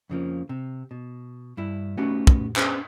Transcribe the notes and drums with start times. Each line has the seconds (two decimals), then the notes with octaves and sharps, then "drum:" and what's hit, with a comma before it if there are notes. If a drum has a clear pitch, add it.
0.10 F2 C#3 F3 A#3
0.49 C3
0.91 B2
1.57 G2 E4
1.97 A3 B3 C#4 D#4 F#4 G4
2.27 drum: kick
2.56 B3 C#4 D4 G#4 B4 C5, drum: clap